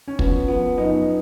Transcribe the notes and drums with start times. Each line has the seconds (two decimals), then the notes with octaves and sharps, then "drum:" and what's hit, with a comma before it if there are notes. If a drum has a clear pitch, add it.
0.07 C#4
0.19 F3 B3, drum: kick
0.48 F3 B3
0.78 F#2 B3 D#4